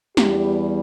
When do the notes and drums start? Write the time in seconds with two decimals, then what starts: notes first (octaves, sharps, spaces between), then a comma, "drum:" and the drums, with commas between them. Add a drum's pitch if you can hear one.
0.17 E2 E3 G3 G4, drum: snare